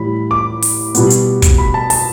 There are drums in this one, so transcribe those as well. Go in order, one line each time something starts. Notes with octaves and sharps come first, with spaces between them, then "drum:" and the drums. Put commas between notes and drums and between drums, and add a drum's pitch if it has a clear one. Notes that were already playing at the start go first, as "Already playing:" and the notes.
Already playing: A2 E3 G3 E4 B5
D6
drum: open hi-hat
B2 G3 B3, drum: hi-hat
drum: hi-hat
drum: kick, hi-hat
B5
A5
A5, drum: open hi-hat